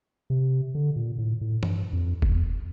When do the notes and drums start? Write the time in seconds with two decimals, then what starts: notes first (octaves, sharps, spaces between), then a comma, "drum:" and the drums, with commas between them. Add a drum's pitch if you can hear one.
0.30 C3
0.75 D3
0.96 A#2
1.18 A2
1.41 A2
1.63 G2, drum: tom E3
1.93 F2
2.22 E2, drum: kick F1